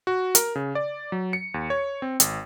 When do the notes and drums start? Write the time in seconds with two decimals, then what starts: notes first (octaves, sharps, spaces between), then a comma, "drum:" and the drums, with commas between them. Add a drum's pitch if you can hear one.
0.07 F#4
0.35 A#4, drum: hi-hat
0.55 C#3
0.75 D5
1.12 F#3
1.33 C#7
1.54 D#2
1.70 C#5
2.02 C4
2.20 G#1, drum: hi-hat